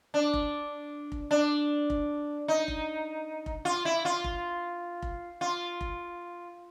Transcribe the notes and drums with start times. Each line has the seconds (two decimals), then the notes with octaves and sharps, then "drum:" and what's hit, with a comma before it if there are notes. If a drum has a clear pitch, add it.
0.14 D4
0.34 drum: kick F1
1.12 drum: kick F1
1.31 D4
1.90 drum: kick F1
2.48 D#4
2.68 drum: kick F1
3.46 drum: kick F1
3.65 F4
3.85 E4
4.05 F4
4.24 drum: kick F1
5.02 drum: kick F1
5.41 F4
5.81 drum: kick F1